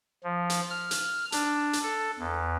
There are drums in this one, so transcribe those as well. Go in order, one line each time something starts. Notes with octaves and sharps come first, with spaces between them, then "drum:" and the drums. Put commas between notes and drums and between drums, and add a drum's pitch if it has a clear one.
F3
drum: hi-hat
F6
drum: hi-hat
D4, drum: hi-hat
drum: hi-hat
A4
E2